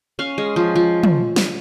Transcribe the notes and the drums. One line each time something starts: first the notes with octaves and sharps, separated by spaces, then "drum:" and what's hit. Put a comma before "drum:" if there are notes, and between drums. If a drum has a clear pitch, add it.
C#4 F5
G#3
F3
F3
drum: tom
drum: snare